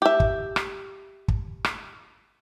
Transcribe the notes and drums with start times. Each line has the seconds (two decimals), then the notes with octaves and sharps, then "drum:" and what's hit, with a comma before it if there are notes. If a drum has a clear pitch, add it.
0.02 G4 E5
0.20 drum: kick
0.56 drum: rim click
1.28 drum: kick
1.64 drum: rim click